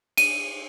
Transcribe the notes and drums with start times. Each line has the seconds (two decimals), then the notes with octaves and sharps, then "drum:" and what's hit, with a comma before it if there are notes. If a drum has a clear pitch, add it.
0.17 D#7, drum: cymbal